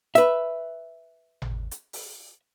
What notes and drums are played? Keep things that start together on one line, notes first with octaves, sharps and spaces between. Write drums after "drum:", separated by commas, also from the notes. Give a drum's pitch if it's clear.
B4 E5, drum: hi-hat
drum: tom G#1
drum: hi-hat
drum: open hi-hat